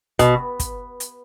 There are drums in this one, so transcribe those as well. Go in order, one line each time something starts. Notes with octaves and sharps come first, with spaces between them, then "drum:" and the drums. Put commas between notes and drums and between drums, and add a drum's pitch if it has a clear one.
B2, drum: kick, hi-hat
drum: kick, hi-hat
drum: hi-hat